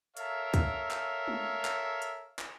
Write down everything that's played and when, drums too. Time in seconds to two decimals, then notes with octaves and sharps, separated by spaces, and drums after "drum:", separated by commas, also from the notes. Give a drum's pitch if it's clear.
0.17 A4 A#4 C#5 E5 F5, drum: hi-hat
0.54 drum: kick, hi-hat
0.91 drum: clap
1.28 drum: tom G#3
1.65 drum: clap
2.02 drum: hi-hat
2.39 drum: clap